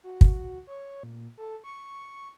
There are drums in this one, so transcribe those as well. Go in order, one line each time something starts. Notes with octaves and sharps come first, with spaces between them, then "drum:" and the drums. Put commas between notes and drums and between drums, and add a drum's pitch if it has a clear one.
F#4
drum: kick
C#5
A#2
A4
C#6